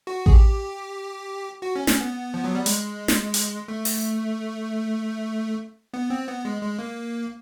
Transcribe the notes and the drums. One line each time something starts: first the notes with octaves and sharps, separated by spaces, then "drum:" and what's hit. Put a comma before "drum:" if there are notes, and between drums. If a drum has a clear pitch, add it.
F#4
G#4, drum: kick A1
G4
F#4
C#4
C#4, drum: snare
B3
F3
F#3
G3
G#3, drum: hi-hat
drum: snare
drum: hi-hat
A3
drum: open hi-hat
B3
C4
B3
G#3
G#3
A#3